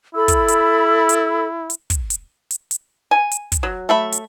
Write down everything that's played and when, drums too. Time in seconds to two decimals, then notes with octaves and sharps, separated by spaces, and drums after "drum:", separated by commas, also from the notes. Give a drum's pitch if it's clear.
0.15 E4 A4 B5 E6
0.28 drum: kick, hi-hat
0.48 drum: hi-hat
1.09 drum: hi-hat
1.70 drum: hi-hat
1.90 drum: kick, hi-hat
2.10 drum: hi-hat
2.51 drum: hi-hat
2.71 drum: hi-hat
3.11 G#5
3.31 drum: hi-hat
3.52 drum: kick, hi-hat
3.63 F#3
3.89 A3 E5 B5
4.12 drum: hi-hat